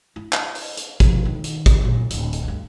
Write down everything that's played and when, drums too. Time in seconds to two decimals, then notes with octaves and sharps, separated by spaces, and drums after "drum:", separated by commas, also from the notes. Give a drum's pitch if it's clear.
0.16 E4
0.33 drum: clap
0.55 drum: open hi-hat
0.77 drum: hi-hat
1.00 E1 F3, drum: kick, hi-hat
1.25 D#3
1.44 drum: hi-hat
1.66 drum: kick, hi-hat
1.81 F#2 A#2
2.10 D1 G#1, drum: hi-hat
2.33 drum: hi-hat
2.43 D2 G2